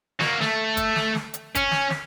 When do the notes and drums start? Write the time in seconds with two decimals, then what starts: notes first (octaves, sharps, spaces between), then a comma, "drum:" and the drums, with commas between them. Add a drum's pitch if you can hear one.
0.20 A#3 F#4, drum: snare
0.41 A3, drum: snare
0.77 drum: kick, hi-hat
0.96 drum: snare
1.15 drum: snare
1.34 drum: hi-hat
1.55 C#4, drum: kick, hi-hat
1.71 drum: snare
1.90 drum: snare